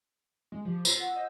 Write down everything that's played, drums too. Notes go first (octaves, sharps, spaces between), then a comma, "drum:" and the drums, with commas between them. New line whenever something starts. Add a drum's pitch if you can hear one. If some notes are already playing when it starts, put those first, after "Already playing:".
G#3
F3 G4
F4 E6, drum: tambourine
F#5
C5 D#5